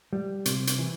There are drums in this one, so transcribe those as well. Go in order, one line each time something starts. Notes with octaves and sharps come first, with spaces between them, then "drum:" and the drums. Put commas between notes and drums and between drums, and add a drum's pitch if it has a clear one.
G3
C3, drum: hi-hat
drum: hi-hat
E3